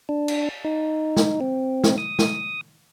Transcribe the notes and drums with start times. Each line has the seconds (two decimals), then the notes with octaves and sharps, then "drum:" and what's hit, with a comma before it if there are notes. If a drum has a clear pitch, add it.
0.09 D4
0.28 drum: cymbal
0.65 D#4
1.17 drum: snare
1.41 C4
1.84 drum: snare
1.98 D#6
2.19 drum: snare